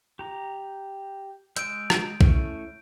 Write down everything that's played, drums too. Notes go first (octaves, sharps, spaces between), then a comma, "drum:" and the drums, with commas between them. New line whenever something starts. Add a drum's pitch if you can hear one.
G4 A#5
G#3 E6 G6 D7, drum: hi-hat
drum: rim click
A3 C#4 E4, drum: kick B1